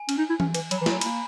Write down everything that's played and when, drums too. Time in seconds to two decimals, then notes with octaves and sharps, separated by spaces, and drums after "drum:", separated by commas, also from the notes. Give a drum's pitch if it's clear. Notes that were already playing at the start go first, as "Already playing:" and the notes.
Already playing: G#5
0.09 C#4, drum: cymbal
0.18 D#4
0.29 E4
0.40 C#4, drum: tom E3
0.55 E3, drum: cymbal
0.71 F#3 B5, drum: cymbal
0.78 A#5
0.81 E3
0.86 G#5, drum: snare
0.91 F#3 A#5
1.01 A#3 B5, drum: cymbal